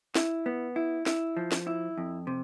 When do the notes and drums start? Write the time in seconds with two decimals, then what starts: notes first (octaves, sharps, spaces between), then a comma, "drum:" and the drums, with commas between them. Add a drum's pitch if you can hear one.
0.16 E4, drum: snare
0.46 B3
0.76 E4
1.06 E4, drum: snare
1.37 F3
1.52 drum: snare
1.67 E4
1.97 F2
2.27 C3